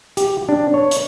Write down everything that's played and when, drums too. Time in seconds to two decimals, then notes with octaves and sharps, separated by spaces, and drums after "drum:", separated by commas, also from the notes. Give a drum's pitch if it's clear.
0.17 G4, drum: hi-hat
0.49 D4
0.74 C#5
0.91 drum: hi-hat